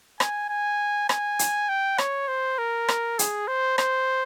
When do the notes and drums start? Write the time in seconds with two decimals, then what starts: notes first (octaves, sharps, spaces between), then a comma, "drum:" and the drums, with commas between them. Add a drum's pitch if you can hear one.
0.20 G#5, drum: rim click
0.49 G#5
1.09 G#5, drum: rim click
1.39 drum: hi-hat
1.69 G5
1.98 C#5, drum: rim click
2.28 C5
2.59 A#4
2.88 drum: rim click
3.19 G#4, drum: hi-hat
3.48 C5
3.78 C5, drum: rim click